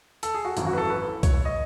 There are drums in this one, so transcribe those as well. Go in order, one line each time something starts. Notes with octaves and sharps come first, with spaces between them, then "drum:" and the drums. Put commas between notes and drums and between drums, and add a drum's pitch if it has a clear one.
A4, drum: hi-hat
G#4
F#4
G#1 F#2 E3 E4, drum: hi-hat
F#4
B4
A4
B4
C#5, drum: kick C2, hi-hat
C#5
D#5